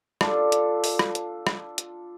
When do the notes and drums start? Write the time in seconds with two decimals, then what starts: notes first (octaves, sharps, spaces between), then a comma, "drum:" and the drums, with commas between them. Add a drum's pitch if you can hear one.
0.21 D4 F4 A4, drum: rim click
0.52 drum: hi-hat
0.84 drum: open hi-hat
0.99 drum: rim click
1.15 drum: hi-hat
1.47 drum: rim click
1.78 drum: hi-hat